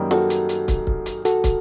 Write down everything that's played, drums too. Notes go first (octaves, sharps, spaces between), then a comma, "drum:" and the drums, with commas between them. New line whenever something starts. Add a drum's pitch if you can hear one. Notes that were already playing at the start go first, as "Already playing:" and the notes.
Already playing: F#2 D#3 G3 A#3
F#4 A4, drum: snare
drum: hi-hat
drum: hi-hat
drum: kick, hi-hat
drum: kick
drum: hi-hat
F#4 A4, drum: hi-hat
drum: kick, hi-hat